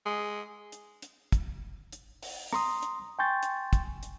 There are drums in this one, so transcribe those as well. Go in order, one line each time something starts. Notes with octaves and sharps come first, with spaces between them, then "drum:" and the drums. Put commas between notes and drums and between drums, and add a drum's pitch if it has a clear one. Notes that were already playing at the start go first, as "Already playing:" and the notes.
G#3
drum: hi-hat
drum: hi-hat
drum: kick, hi-hat
drum: hi-hat
drum: open hi-hat
A#5 C6 D#6, drum: rim click
drum: hi-hat
G5 G#5 C6 C#6 G6 A6
drum: hi-hat
drum: kick, hi-hat
drum: hi-hat